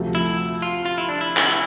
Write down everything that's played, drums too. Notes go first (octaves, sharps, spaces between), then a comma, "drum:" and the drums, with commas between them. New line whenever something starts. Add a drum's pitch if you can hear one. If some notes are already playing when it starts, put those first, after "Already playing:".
Already playing: D2 C3 F3 A3
E4
F4
F4
E4
D4
E4
drum: clap